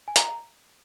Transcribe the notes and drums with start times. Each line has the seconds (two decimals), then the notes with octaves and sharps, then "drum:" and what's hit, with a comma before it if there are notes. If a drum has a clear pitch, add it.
0.08 G#5
0.16 A#5, drum: hi-hat